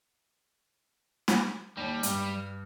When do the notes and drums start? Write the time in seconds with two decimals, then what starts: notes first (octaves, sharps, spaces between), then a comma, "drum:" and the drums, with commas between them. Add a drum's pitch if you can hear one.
1.28 drum: snare
1.77 D#2 G3 A#6
2.03 G2, drum: hi-hat